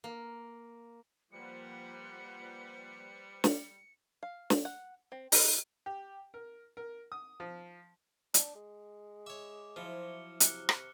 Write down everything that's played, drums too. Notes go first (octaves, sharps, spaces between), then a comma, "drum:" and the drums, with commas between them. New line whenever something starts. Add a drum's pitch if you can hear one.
A#3
F3 G3 A#3 B4 C5 F#5 C#7
drum: snare
F5
drum: snare
F#5
C4
D#4, drum: open hi-hat
G4
A#4
A#4
D#6
F3
D4, drum: hi-hat
G#3
C#5 E5 D6
F3 F#3 E4 C5 F6 C#7 G7
C3 F#6 C#7, drum: hi-hat
drum: rim click